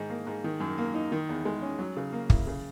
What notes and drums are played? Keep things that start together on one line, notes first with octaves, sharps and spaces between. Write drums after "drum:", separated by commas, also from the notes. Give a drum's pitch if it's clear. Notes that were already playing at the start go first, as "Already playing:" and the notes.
Already playing: G#2 D#3
A#3
G#2
D#3
F#2
A#3
D#4
D#3
E2
G#3
C#4
F#3
C#3
A#3
E4, drum: kick
C#3